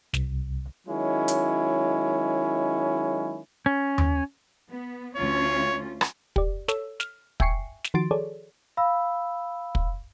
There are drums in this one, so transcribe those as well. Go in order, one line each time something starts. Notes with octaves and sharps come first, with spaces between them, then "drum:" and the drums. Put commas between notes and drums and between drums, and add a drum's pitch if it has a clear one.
C2, drum: snare
D#3 F#3 G#3 C#4 E4
drum: hi-hat
C#4
drum: tom D#2
B3
D2 C#4 F4 C#5
drum: rim click
G4 D5, drum: kick
A4 C#5 E6, drum: snare
F6, drum: snare
E5 G5 G#5 C#6 C7 C#7, drum: kick
drum: snare
D#3 F3 F#4 C6 A6 D7
G#4 A4 C#5 D5
F5 B5 E6
drum: kick